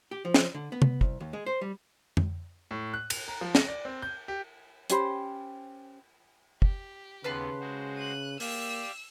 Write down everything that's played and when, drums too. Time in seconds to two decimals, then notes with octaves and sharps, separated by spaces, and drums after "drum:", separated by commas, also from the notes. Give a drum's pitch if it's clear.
0.11 G4
0.25 F3
0.34 drum: snare
0.54 D3
0.72 B3
0.82 drum: tom C3
1.01 C2, drum: kick
1.20 D#2
1.33 G#3
1.46 C5
1.61 G3
2.17 drum: tom F2
2.71 A2
2.94 F#6
3.10 F7, drum: cymbal
3.28 A#5
3.41 F3
3.55 A#6, drum: snare
3.68 D5
3.85 C4
4.02 G6
4.28 G4
4.90 C#4 G4 C5 B5, drum: hi-hat
6.62 G4, drum: kick
7.24 D#2 C#3 B3 B4 A5 C6
7.60 G#3 F#4 C5
7.96 F#6 D#7
8.40 A#3 G4 D5 F5 E6, drum: open hi-hat